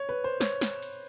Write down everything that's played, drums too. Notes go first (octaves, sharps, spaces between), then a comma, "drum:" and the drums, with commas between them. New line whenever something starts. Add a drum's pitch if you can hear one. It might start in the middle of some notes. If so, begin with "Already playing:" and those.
Already playing: C#5
B4
C5
C#5, drum: snare
drum: snare
drum: cymbal